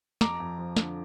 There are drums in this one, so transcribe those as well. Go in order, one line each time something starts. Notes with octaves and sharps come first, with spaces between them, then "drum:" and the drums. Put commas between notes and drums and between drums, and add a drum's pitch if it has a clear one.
F2 A#5 D6, drum: snare
F2
F3
D3, drum: snare